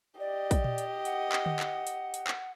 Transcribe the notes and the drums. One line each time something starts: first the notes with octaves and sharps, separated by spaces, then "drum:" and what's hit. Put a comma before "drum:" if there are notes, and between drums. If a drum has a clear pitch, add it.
G4 D5 D#5
drum: kick, hi-hat
drum: tom A#2
drum: hi-hat
F#5, drum: hi-hat
drum: clap
drum: tom D3
drum: clap
drum: hi-hat
drum: hi-hat
drum: clap